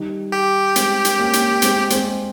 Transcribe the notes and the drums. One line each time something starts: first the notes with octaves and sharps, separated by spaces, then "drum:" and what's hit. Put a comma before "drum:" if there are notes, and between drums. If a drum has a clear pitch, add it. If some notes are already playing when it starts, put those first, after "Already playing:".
Already playing: D#3 G3
G4
G#3 C4, drum: hi-hat
drum: hi-hat
A#3 C#4
drum: hi-hat
G#3 C4, drum: hi-hat
G#3 C4, drum: hi-hat